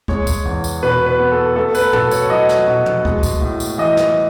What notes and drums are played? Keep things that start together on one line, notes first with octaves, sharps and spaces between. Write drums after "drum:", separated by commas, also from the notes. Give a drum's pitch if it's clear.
G#3 C#5, drum: kick
drum: kick, tambourine
E2
drum: tambourine
B2 B4
B4
B3
A4
A3 A4
B4, drum: tambourine
B2 A4, drum: tom
C#5, drum: tambourine
F#3 D#5
drum: snare
B2
drum: tom
G#3, drum: kick
drum: kick, tambourine
A2
drum: tambourine
E3 D#5
drum: snare